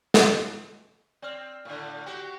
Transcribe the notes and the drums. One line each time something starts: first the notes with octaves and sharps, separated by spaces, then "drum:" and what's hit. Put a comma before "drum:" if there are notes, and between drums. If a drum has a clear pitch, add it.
drum: snare
C4 D5 F6
A2 D3
C4 F#4 G4